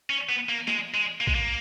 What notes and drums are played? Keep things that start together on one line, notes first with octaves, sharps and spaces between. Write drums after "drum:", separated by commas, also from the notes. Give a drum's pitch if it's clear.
C#4
B3
A#3
G#3, drum: snare
G#3
A#3
G#3, drum: kick A#1
A#3